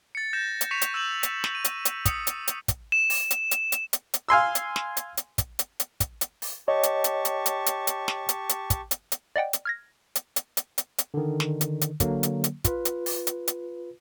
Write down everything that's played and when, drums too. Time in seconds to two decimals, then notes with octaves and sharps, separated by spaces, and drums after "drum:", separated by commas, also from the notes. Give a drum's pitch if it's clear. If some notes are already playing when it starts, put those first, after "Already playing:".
0.15 A6 C#7
0.33 G6 A6 A#6 E7
0.61 drum: hi-hat
0.71 C#6 B6 C#7 E7 F7
0.82 drum: hi-hat
0.94 E6 G6 E7 F#7
1.23 drum: hi-hat
1.44 drum: snare
1.55 D#7
1.65 drum: hi-hat
1.85 drum: hi-hat
2.05 D#6 C#7, drum: kick, hi-hat
2.27 drum: hi-hat
2.48 drum: hi-hat
2.68 drum: kick, hi-hat
2.92 E7
3.10 drum: open hi-hat
3.31 drum: hi-hat
3.51 drum: hi-hat
3.72 drum: hi-hat
3.93 drum: hi-hat
4.14 drum: hi-hat
4.29 F5 G#5 C6 E6
4.55 drum: hi-hat
4.76 drum: snare
4.97 drum: hi-hat
5.17 drum: hi-hat
5.38 drum: kick, hi-hat
5.59 drum: hi-hat
5.80 drum: hi-hat
6.00 drum: kick, hi-hat
6.21 drum: hi-hat
6.42 drum: open hi-hat
6.68 G4 C#5 D#5 A5 C#6
6.83 drum: hi-hat
7.04 drum: hi-hat
7.25 drum: hi-hat
7.46 drum: hi-hat
7.66 drum: hi-hat
7.87 drum: hi-hat
8.08 drum: snare
8.29 drum: hi-hat
8.49 drum: hi-hat
8.70 drum: kick, hi-hat
8.91 drum: hi-hat
9.12 drum: hi-hat
9.36 D5 D#5 F#5 G5
9.53 drum: hi-hat
9.65 F6 G#6 A#6
10.15 drum: hi-hat
10.36 drum: hi-hat
10.57 drum: hi-hat
10.78 drum: hi-hat
10.98 drum: hi-hat
11.14 D3 D#3
11.40 drum: snare
11.61 drum: hi-hat
11.81 drum: hi-hat
12.00 D3 F#3 A#3, drum: kick, hi-hat
12.23 drum: hi-hat
12.44 drum: hi-hat
12.64 F4 B4, drum: kick, hi-hat
12.85 drum: hi-hat
13.06 drum: open hi-hat
13.27 drum: hi-hat
13.47 drum: hi-hat